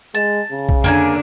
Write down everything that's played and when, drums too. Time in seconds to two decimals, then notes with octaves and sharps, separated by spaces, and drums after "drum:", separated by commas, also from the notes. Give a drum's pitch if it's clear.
0.15 G#3 A5
0.52 C#3
0.69 drum: kick B1
0.84 D3 A#3 D4 G5 G#5, drum: tom F2